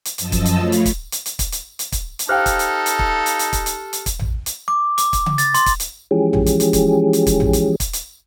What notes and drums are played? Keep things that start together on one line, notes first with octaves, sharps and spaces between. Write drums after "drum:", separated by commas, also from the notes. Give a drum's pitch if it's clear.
drum: hi-hat
F#2 F3 D#5 A5 E6, drum: hi-hat
drum: kick, hi-hat
drum: hi-hat
A3 F4 C#5 F5 B5
drum: hi-hat
drum: kick, hi-hat
drum: hi-hat
drum: hi-hat
drum: kick, hi-hat
drum: hi-hat
drum: hi-hat
drum: kick, hi-hat
drum: hi-hat
D#4 G4 A4 C5 F5 G5 F6 F#6
drum: kick, hi-hat
drum: hi-hat
drum: hi-hat
drum: kick
drum: hi-hat
drum: hi-hat
drum: kick, hi-hat
drum: hi-hat
drum: hi-hat
drum: kick, hi-hat
drum: tom A1
drum: hi-hat
D6
D6, drum: hi-hat
drum: kick, hi-hat
drum: tom C#3
A6, drum: hi-hat
C6, drum: hi-hat
drum: kick, hi-hat
drum: hi-hat
E3 F3 G#3 C#4 G4 G#4
drum: tom A1
drum: hi-hat
drum: hi-hat
drum: kick, hi-hat
drum: hi-hat
drum: kick, hi-hat
drum: tom A1
drum: hi-hat
drum: kick, hi-hat
drum: hi-hat